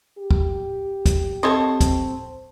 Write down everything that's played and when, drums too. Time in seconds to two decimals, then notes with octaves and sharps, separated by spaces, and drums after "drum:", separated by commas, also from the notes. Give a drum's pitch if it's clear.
0.18 G4
0.31 drum: kick
1.06 drum: kick, hi-hat
1.43 C4 A4 C5 C#5 D#5 A5 C#6
1.81 drum: kick, hi-hat